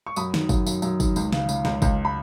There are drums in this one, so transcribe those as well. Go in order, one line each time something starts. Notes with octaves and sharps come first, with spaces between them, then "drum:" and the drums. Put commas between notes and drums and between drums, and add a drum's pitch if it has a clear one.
C#6
F#2 B5 D#6, drum: tambourine
D#3, drum: snare
F#2, drum: kick, tambourine
F#2, drum: tambourine
F#2, drum: tambourine
D#3, drum: kick, tambourine
C#2, drum: tambourine
C#3, drum: snare
C#3, drum: tambourine
C#2, drum: snare
C#2, drum: kick, tambourine
B5